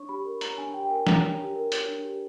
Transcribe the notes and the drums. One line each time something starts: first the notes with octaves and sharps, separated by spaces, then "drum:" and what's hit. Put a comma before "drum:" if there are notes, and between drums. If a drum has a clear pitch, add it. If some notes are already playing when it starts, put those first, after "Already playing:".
Already playing: D4 C#5 C#6
G4 B5
A#4
C#5 A#5, drum: hi-hat
D4 G#5
G4 G5
A#4 G#5
C#5 A#5, drum: snare
D4
G4
A#4
C#5, drum: hi-hat
D4
G4